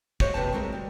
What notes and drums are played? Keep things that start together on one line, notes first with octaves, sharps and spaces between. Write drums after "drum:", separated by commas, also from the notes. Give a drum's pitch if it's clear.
F#4 C5 C#5 D#5 F5, drum: kick
D#2 C3 B4 F#5 A5
D2 G3 G#3 C4 F#4 A#4
G3